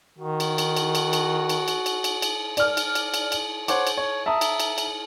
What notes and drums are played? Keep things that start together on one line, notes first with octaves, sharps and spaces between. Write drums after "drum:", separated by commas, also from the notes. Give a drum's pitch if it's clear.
D#3 F#4
drum: cymbal
drum: cymbal
drum: cymbal
drum: cymbal
drum: cymbal
drum: cymbal
drum: cymbal
drum: cymbal
drum: cymbal
drum: cymbal
D5 F6, drum: cymbal
drum: cymbal
drum: cymbal
drum: cymbal
drum: cymbal
C5 C#5 F#5 D6, drum: cymbal
drum: cymbal
C#5
E5 A5 A#5 D#6
drum: cymbal
drum: cymbal
drum: cymbal